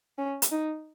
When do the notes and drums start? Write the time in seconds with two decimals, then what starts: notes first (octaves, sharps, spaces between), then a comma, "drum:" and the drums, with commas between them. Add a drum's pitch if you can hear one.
0.18 C#4
0.42 drum: hi-hat
0.52 D#4